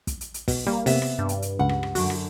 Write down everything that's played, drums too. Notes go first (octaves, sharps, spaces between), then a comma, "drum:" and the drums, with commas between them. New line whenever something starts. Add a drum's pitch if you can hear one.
drum: kick, hi-hat
drum: hi-hat
drum: hi-hat
B2, drum: kick, open hi-hat
G3 A#3
C3 B3 E5, drum: open hi-hat
drum: rim click
G2
drum: hi-hat
drum: hi-hat
C#2 F#5
drum: rim click
drum: rim click
F#2 D3 F#4, drum: open hi-hat
drum: rim click